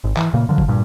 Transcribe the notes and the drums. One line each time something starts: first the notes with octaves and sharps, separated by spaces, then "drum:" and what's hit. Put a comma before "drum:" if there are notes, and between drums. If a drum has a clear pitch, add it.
G#1
E3, drum: clap
A#2 C#3 A#3
D3 F3 F#3
drum: kick F1
G2 A#2